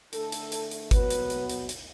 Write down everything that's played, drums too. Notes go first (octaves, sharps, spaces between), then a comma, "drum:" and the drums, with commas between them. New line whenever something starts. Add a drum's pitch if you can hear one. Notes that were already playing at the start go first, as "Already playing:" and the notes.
D3 A3 A4, drum: hi-hat
drum: hi-hat
drum: hi-hat
drum: hi-hat
B2 F#3 B3 B4, drum: kick, hi-hat
drum: hi-hat
drum: hi-hat
drum: hi-hat
drum: hi-hat